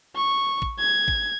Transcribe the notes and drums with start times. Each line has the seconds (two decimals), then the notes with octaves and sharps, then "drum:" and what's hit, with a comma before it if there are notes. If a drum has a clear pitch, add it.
0.16 C#6
0.62 drum: kick
0.79 G#6
1.08 drum: kick